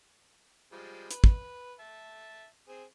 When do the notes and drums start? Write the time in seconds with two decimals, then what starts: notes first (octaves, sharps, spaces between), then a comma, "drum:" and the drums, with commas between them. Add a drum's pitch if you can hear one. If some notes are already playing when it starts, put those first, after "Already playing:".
0.73 F3 G3 G#3
1.11 B4, drum: hi-hat
1.24 drum: kick
1.79 E5 A5
2.68 C4 G#4